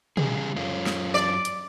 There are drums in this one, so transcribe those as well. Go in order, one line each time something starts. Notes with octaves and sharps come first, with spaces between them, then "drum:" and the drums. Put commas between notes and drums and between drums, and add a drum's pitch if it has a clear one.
C#3 G3 G#4, drum: tom
F#2 C#4 F4
drum: snare
D5
drum: hi-hat